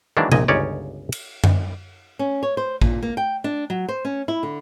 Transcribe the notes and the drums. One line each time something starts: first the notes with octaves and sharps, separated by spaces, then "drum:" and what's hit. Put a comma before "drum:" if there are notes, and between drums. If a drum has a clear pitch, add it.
D#3 E3 F#3 G#3 A#3 D4
A#1 A#2 D#5 G#5, drum: tom C3
G1 C#2 C#4 D#4 C#5 D5
drum: cymbal
drum: tom F#2
C#4
C#5
C5
A#2, drum: kick A1
A#3
G5
D4
F#3
C5
C#4
E4
D3